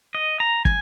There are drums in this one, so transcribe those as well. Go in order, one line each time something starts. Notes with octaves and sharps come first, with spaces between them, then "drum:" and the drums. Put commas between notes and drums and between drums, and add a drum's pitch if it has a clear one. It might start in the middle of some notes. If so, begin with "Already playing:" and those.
D#5
A#5
G#5, drum: kick